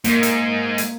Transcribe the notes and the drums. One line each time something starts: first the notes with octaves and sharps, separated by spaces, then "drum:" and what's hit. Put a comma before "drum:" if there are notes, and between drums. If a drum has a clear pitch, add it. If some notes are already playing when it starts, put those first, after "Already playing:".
G#2 A#3, drum: hi-hat
drum: hi-hat
drum: hi-hat